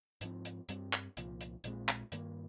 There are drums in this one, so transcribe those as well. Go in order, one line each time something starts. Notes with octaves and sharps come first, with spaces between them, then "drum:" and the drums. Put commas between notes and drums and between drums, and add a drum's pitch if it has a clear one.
G#2 F3 C4, drum: hi-hat
drum: hi-hat
G2 G3 C4, drum: hi-hat
drum: clap
C2 A#2 F3, drum: hi-hat
drum: hi-hat
A#1 A#2 G#3 C4, drum: hi-hat
drum: clap
G2 D#3 A#3, drum: hi-hat